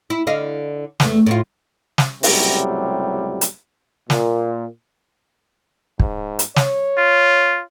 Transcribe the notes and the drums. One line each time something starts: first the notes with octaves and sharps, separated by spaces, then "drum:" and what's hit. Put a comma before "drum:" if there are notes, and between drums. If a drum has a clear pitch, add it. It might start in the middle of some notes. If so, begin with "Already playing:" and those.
E4
D3 D#5 F5
E2 A3, drum: snare
A2 E4 F4
drum: snare
C#2 A2 C3 F#3 G3, drum: open hi-hat
drum: hi-hat
A#2, drum: snare
G#2, drum: kick
drum: hi-hat
C#5, drum: snare
F4